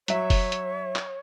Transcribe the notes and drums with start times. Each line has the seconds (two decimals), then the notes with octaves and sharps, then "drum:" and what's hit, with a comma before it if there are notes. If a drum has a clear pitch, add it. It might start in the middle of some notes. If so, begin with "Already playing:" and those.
0.08 F#3 C#5 E5, drum: hi-hat
0.30 drum: kick F1, open hi-hat
0.52 drum: hi-hat
0.96 drum: clap